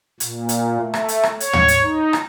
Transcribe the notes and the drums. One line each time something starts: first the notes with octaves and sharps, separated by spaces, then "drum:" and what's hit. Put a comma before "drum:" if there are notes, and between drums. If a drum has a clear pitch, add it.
A#2, drum: hi-hat
drum: hi-hat
A3
drum: rim click
drum: hi-hat
drum: rim click
C#5, drum: hi-hat
drum: tom
drum: hi-hat
D#4
drum: rim click